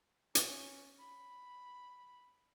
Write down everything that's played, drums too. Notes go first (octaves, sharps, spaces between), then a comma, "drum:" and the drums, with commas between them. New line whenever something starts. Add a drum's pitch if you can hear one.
C#4, drum: hi-hat
B5